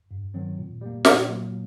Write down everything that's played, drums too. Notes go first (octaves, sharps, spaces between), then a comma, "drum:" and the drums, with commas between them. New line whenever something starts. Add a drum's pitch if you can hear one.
G2
D#3 F#3 C4
A#2
G3 A#3
A#2, drum: snare
F#3 A#3